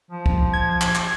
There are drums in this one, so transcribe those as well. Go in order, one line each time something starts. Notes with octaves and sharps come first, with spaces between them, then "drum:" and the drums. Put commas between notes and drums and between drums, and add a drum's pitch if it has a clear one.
F3
drum: kick C2
G#6
drum: clap
drum: clap